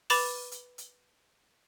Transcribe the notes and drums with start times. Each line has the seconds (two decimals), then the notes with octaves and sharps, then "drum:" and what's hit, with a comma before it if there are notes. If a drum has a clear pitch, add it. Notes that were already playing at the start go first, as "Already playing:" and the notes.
0.10 B4 B5 D6 A6 E7 F7, drum: open hi-hat
0.52 drum: hi-hat
0.78 drum: hi-hat